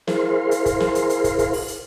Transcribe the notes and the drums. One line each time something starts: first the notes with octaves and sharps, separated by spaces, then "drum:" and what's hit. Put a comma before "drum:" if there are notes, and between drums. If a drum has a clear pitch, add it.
E4 G#4 A#4 C5 F5 C6, drum: snare
drum: hi-hat
drum: kick, hi-hat
drum: snare
drum: hi-hat
drum: hi-hat
drum: kick, hi-hat
drum: kick, hi-hat
drum: open hi-hat
drum: hi-hat